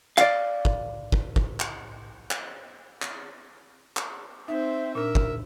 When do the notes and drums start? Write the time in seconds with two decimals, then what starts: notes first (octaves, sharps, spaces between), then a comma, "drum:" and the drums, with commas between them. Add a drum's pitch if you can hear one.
0.18 D5 F5, drum: clap
0.65 drum: kick
1.12 drum: kick
1.36 drum: kick
1.60 drum: clap
2.31 drum: clap
3.02 drum: clap
3.97 drum: clap
4.48 C4 D#4 C5 E5
4.95 A#2 D4 A#4 E5
5.15 drum: kick